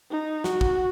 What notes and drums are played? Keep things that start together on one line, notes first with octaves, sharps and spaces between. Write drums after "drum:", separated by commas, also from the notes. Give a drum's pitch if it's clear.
D#4
F#4, drum: snare
drum: kick